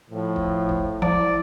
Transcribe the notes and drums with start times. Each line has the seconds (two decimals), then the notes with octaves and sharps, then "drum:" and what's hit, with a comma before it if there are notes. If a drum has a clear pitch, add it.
0.10 A2 F3
0.36 drum: kick
0.69 drum: kick
1.02 F3 E4 D5, drum: kick